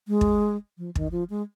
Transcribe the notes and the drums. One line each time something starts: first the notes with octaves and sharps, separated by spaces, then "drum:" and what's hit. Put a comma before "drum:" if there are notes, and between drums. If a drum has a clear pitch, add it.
G#3
drum: kick
F3
D#3, drum: kick
F3
G#3